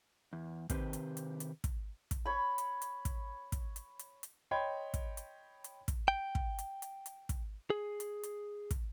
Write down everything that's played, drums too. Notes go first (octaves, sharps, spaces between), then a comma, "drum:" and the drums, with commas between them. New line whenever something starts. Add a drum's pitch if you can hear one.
E2
C3 D#3 C4 G4 B4 C5, drum: kick, hi-hat
drum: hi-hat
drum: hi-hat
drum: hi-hat
drum: kick, hi-hat
drum: kick, hi-hat
C#5 B5
drum: hi-hat
drum: hi-hat
drum: kick, hi-hat
drum: kick, hi-hat
drum: hi-hat
drum: hi-hat
drum: hi-hat
C#5 D#5 G5 B5 C6 G#6
drum: kick, hi-hat
drum: hi-hat
drum: hi-hat
drum: kick, hi-hat
G5
drum: kick
drum: hi-hat
drum: hi-hat
drum: hi-hat
drum: kick, hi-hat
G#4
drum: hi-hat
drum: hi-hat
drum: kick, hi-hat